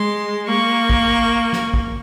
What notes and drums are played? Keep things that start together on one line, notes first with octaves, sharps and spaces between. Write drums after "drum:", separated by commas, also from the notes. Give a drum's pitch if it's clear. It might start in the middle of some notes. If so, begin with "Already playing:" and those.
Already playing: G#3 C6
A#3 C#6
drum: kick
drum: snare
drum: kick